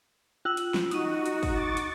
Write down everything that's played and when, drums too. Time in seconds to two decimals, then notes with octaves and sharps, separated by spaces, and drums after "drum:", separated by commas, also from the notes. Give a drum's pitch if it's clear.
0.45 F4 E6 F#7
0.57 drum: hi-hat
0.74 drum: snare
0.91 D#4 F#4 D#6 D#7, drum: hi-hat
1.26 drum: hi-hat
1.43 drum: kick, open hi-hat
1.55 C#6 D6 A6
1.77 drum: hi-hat